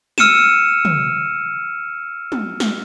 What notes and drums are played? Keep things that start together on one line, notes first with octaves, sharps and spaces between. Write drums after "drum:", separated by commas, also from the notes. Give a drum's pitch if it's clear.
E6 F6 C#7 D#7 E7, drum: snare
drum: tom
drum: tom
drum: snare